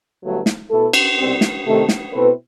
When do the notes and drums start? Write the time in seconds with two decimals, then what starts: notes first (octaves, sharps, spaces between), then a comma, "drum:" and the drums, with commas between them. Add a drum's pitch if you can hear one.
0.22 G1 G2 F#3 A3
0.46 drum: snare
0.70 B2 A3 E4 A4
0.93 drum: cymbal
1.17 C2 B2 G3 C4
1.41 drum: snare
1.65 C3 D#3 A3
1.89 drum: snare
2.12 B2 A3 C4 E4 B4